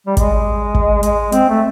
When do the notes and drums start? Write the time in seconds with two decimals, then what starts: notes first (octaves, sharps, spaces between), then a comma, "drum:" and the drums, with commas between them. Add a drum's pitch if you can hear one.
0.07 G3
0.17 G#3, drum: kick, hi-hat
0.74 drum: kick
1.03 G#3, drum: hi-hat
1.32 C4, drum: hi-hat
1.49 A3